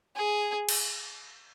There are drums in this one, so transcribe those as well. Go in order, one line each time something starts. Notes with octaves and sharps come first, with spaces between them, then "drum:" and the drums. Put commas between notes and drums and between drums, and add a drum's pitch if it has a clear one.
G#4
drum: cymbal